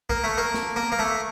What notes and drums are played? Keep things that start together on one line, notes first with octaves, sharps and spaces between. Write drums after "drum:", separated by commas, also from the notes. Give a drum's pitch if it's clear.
A#3, drum: kick B1
A3
A#3
drum: snare
A#3
A#3
A3